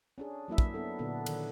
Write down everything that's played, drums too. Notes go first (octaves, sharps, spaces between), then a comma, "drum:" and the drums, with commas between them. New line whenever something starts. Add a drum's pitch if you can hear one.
C#4 D4 G#4
F#3 A#3 E4 E5
drum: kick
B3 D4 A4
A#2 D3 B3 D4
D#3, drum: cymbal